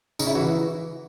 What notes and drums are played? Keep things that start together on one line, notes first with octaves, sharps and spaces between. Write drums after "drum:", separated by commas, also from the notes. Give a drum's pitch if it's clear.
C#3 D#4, drum: tambourine
E4
E3 F#4